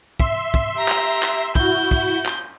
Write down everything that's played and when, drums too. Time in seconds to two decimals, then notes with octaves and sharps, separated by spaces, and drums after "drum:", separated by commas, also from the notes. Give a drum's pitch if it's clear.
0.20 E5 C6, drum: kick
0.54 drum: kick
0.76 G4 A#5
0.88 drum: clap
1.23 drum: clap
1.55 E4 F#4 G6, drum: kick
1.91 drum: kick
2.26 drum: clap